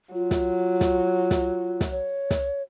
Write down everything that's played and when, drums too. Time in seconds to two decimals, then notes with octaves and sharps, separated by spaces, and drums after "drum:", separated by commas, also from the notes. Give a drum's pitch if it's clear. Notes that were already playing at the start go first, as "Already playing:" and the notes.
0.14 F#3 F4
0.31 drum: snare
0.81 drum: snare
1.31 drum: snare
1.81 drum: snare
1.91 C#5
2.31 drum: snare